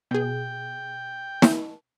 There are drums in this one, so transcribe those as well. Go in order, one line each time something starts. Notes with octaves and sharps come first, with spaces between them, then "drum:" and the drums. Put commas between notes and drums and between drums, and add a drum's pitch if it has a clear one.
B2 G#4 G5
drum: snare